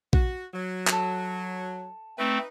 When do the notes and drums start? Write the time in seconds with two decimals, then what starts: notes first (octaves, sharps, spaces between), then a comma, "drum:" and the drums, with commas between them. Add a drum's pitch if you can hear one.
0.13 F#4, drum: kick A#1
0.54 F#3
0.88 A4 F#5, drum: clap
2.18 A3 C4 D#4 B4